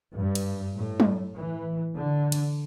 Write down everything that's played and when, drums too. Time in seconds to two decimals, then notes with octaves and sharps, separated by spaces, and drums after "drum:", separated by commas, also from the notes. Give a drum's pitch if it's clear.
0.17 G2
0.35 drum: cymbal
0.76 A2
1.00 drum: tom F#3
1.36 E3
1.95 D3
2.32 drum: cymbal